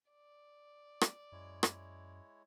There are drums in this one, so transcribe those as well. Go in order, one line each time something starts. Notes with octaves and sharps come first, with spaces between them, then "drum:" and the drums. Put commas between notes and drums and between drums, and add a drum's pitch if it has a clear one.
D5
drum: rim click
F#2 G#3 E4 C#5
drum: rim click